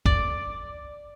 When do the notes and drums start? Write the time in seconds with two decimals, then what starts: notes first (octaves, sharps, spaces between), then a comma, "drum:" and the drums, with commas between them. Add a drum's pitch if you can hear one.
0.06 D5, drum: kick